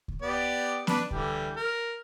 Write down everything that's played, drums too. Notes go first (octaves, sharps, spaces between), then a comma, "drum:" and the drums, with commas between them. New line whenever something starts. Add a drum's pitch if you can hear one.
drum: kick C#2
B3 G4 D5
D4 B4, drum: snare B3
D3 E3 G3, drum: kick C#2
A#4